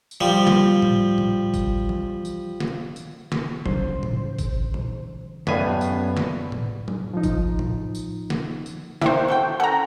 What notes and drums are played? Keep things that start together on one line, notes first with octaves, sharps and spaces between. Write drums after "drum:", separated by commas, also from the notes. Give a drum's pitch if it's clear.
drum: tambourine
F3 G3
drum: snare
drum: tom A2
drum: tom A2
drum: kick, tambourine
drum: tom E3
drum: tambourine
drum: snare
drum: tambourine
drum: snare
C#3 E3 C5, drum: tom F#3
drum: tom A2
drum: kick, tambourine
drum: tom A#2
A1 F#2 A2 B3 D5 F5 G#5 B6, drum: snare
drum: tambourine
drum: snare
drum: tom A2
drum: tom F#3
F3 D#4
drum: kick, tambourine
drum: tom A2
drum: tambourine
drum: snare
drum: tambourine
A#3 C4 D4 E4 C5, drum: snare
F#4 A4 G5
C#4 A4 F#5 A#5